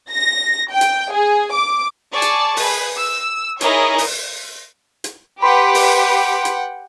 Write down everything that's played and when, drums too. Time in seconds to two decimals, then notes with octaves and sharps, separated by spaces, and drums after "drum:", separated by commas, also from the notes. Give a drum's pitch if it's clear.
0.10 A#6
0.72 G5
0.81 drum: hi-hat
1.12 G#4
1.53 D6
2.12 G#4 D5 A5 C#6
2.22 drum: hi-hat
2.57 G#4 B4, drum: open hi-hat
2.98 E6
3.61 D#4 E4 G#4 A#4 C#5 D#5, drum: hi-hat
3.98 drum: open hi-hat
5.04 drum: hi-hat
5.42 G4 B4 F#5 G5 B5 C6 D6
5.74 drum: open hi-hat
6.45 drum: hi-hat